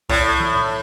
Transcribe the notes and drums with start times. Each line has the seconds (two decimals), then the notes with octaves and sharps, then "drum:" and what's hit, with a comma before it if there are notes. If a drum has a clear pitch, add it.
0.09 A2, drum: kick B1
0.40 drum: tom
0.56 drum: tom A2